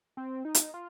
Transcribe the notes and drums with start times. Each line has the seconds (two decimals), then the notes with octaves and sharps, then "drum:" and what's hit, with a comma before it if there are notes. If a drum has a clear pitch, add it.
0.17 C4
0.45 D#4
0.55 drum: hi-hat
0.74 F4